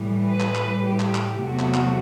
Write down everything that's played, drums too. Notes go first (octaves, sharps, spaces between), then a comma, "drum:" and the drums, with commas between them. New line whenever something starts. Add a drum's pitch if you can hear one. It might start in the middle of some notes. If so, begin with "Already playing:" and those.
Already playing: A2 E3 G3
B4
drum: clap
drum: clap
G4
drum: clap
drum: clap
E2 C3 F#3 A3 F#4
drum: clap
drum: clap